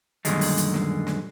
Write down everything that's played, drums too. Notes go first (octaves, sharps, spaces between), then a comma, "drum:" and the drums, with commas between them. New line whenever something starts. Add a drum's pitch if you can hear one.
F#2 A#2 D3 D#3 G3 G#3, drum: hi-hat
drum: open hi-hat
drum: hi-hat
drum: snare
drum: snare